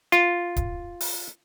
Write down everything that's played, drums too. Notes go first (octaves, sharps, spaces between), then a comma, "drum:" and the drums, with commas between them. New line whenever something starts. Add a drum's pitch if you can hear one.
F4, drum: hi-hat
drum: kick, hi-hat
drum: open hi-hat